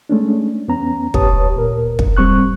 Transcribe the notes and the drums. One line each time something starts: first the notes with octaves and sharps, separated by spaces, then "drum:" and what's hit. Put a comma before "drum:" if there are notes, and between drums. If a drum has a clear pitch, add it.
G#3 A3 C#4 D4
E2 B3 C#4 A#5
D#2 G4 B4 C#5 A5 D#6, drum: kick
D2 A#2 A#4
drum: kick
G#2 G3 C4 C#6 F#6